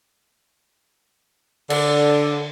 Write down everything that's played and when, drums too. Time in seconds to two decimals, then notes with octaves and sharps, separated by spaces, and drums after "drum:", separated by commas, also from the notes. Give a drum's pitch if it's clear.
1.70 D3, drum: cymbal